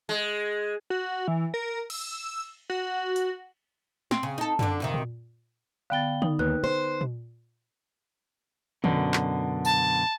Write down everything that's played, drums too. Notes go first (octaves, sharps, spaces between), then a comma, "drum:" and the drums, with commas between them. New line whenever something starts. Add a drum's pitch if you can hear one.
G#3
F#4
E3
A#4
E6, drum: cymbal
F#4
drum: hi-hat
C4, drum: snare
C#3
D#4 A4
D3 D4, drum: tom F#2
F2 C3 D#3
drum: tom A#2
D3 B3 F5 G5 A6 G7
D#4, drum: tom D3
D#2 B4 F#6
C5
drum: tom A#2
F#2 B2 D3, drum: tom D3
drum: clap
A5, drum: tambourine